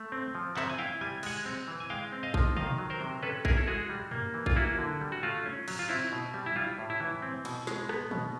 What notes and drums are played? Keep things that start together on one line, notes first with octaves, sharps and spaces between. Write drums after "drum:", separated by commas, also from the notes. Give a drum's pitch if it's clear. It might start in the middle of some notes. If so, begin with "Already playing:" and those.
Already playing: A3
C4
F3
C4 E5 F#5, drum: clap
G#5
E4 F5 G5
G3 G#5
G#3 F#5 G#5, drum: cymbal
C4
E3
G#5
G#3 F5 G5
C4
D#5 F5
F3, drum: kick
D#3 D#5 F5, drum: tom B2
F#3
A#4 C5
C3
C#4 A4 B4
E4 G#4 A#4, drum: kick
A4
G#3 F#4 G#4
G3
A#3, drum: tom F#2
E3
F4, drum: kick
A#3 E4 F#4
D3
G3
F#4
A3 F4
C#4
F#3, drum: cymbal
F4
C4 E4
B2
G3
E4
G3 F4
A2
E4
E3
C4
B2, drum: cymbal
G#3, drum: snare
B3, drum: rim click
B2, drum: tom D#3